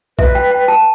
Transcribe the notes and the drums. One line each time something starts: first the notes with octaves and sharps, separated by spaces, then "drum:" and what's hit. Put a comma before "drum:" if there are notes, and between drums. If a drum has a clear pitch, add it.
B4 E5, drum: kick A#1
G5
G5
A5